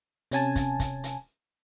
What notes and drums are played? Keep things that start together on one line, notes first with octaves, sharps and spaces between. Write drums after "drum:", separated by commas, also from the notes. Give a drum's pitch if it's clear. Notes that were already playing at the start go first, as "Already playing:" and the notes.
C3 C#4 G#5 A5, drum: hi-hat
drum: kick, hi-hat
drum: kick, hi-hat
drum: hi-hat